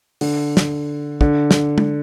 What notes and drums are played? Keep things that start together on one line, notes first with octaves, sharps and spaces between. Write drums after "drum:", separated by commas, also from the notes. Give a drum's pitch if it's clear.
D3, drum: open hi-hat
drum: snare
D3, drum: kick
drum: snare
drum: tom G#3